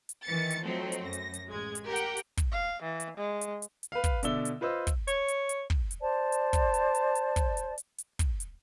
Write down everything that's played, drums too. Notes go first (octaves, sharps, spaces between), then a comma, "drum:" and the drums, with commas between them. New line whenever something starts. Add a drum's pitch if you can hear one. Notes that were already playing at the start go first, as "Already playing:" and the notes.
drum: hi-hat
D#3 E3 A6 C#7
drum: hi-hat
F3 F#3 A3 C4 D#4
drum: hi-hat
F#2 A#6
drum: hi-hat
drum: hi-hat
A1 G#3 G#6
drum: hi-hat
G4 A#4 F#5 G5
drum: hi-hat
drum: hi-hat
drum: kick, hi-hat
F5
E3
drum: hi-hat
G#3
drum: hi-hat
drum: hi-hat
drum: hi-hat
B4 F5
drum: kick, hi-hat
B2 D3 D5 E5 E6 G7, drum: hi-hat
drum: hi-hat
F4 B4 C5 D#5 E6
drum: kick, hi-hat
C#5, drum: hi-hat
drum: hi-hat
drum: hi-hat
drum: kick
drum: hi-hat
C5 D5 A5
drum: hi-hat
drum: kick, hi-hat
drum: hi-hat
drum: hi-hat
drum: hi-hat
drum: kick, hi-hat
drum: hi-hat
drum: hi-hat
drum: hi-hat
drum: kick, hi-hat
drum: hi-hat